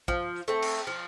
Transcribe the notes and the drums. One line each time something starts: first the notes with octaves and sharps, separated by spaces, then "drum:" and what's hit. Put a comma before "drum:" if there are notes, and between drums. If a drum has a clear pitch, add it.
F3, drum: kick
A3 C4
drum: cymbal
F3